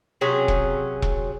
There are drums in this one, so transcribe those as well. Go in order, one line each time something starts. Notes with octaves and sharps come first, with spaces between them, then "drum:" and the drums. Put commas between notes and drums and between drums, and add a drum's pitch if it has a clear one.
C3 F#3 C#4 G#4
drum: kick E1
drum: kick E1